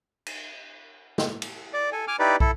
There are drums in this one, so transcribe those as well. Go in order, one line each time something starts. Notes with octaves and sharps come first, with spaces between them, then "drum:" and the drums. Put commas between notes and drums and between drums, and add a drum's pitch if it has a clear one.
drum: cymbal
drum: snare
drum: cymbal
D5
A4 G#5
G#5 D6 F6
D#4 E4 G4 B4 D5
E4 A4, drum: kick